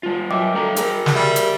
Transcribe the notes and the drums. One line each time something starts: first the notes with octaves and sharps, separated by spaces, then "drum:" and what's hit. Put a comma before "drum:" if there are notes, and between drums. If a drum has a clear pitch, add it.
G3 F4
F#3 D#5 E5 G5 D6
G3 A4 A#5
G#4 A#4, drum: hi-hat
drum: snare
G3 E5
drum: hi-hat